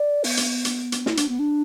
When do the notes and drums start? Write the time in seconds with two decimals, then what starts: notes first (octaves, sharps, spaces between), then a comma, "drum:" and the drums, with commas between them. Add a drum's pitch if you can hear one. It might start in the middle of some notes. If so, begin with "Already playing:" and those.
Already playing: D5
0.24 B3, drum: open hi-hat
0.37 drum: hi-hat
0.65 drum: hi-hat
0.92 drum: hi-hat
1.06 E4, drum: snare
1.17 D4, drum: hi-hat
1.29 B3
1.39 D4